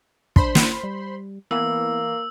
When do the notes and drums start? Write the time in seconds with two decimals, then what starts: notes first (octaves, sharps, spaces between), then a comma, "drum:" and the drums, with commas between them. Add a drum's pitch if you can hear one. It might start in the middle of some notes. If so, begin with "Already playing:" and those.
0.36 D4 C5 B5 C6, drum: kick
0.55 drum: snare
0.84 G3
1.51 E3 A#3 B3 E6